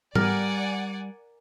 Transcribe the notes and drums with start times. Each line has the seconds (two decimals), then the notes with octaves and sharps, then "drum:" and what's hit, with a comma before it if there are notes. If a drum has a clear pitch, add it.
0.15 G3 A#4 D5 F#5 G#5, drum: tom G#2